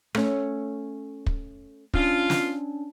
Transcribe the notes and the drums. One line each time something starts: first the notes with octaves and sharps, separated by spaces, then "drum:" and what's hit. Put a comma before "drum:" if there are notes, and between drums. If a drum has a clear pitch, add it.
A3 C#4, drum: rim click
drum: kick
C#4 D4 F4, drum: kick
drum: snare